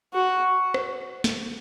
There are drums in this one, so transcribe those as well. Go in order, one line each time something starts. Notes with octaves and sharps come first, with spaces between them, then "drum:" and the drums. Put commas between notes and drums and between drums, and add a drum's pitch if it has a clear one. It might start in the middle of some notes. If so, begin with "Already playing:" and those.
F#4
drum: rim click
drum: snare